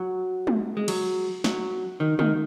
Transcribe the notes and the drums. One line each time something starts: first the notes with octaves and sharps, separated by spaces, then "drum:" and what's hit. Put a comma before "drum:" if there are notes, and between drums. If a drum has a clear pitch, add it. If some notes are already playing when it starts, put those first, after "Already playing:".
Already playing: F#3
drum: tom G#3
G#3
F#3, drum: cymbal
F#3, drum: snare
D#3
D#3, drum: tom G#3